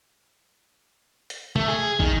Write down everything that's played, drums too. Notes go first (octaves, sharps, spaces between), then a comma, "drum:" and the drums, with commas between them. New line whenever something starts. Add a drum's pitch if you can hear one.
drum: hi-hat
A3, drum: tom
G#4
D#3, drum: kick